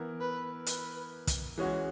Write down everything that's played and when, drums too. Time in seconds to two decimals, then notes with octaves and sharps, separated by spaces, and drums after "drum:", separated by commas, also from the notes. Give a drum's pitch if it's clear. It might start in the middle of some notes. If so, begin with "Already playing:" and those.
Already playing: E3 B3 E4 A#4
0.21 B4
0.66 B4, drum: hi-hat
1.27 drum: kick, hi-hat
1.57 E3 G#3 C#4 F#4 G#4